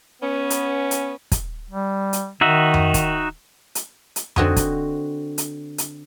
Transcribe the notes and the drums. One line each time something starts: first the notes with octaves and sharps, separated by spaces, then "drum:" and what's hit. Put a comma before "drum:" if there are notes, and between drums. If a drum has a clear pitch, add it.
B3 C#4
drum: hi-hat
drum: hi-hat
drum: kick, hi-hat
G3
drum: hi-hat
D#3 D#4 F#4 E5
drum: tom F2
drum: kick, hi-hat
drum: hi-hat
drum: hi-hat
D3 C4 F#4 D#5 G#5, drum: tom F2
drum: kick, hi-hat
drum: hi-hat
drum: hi-hat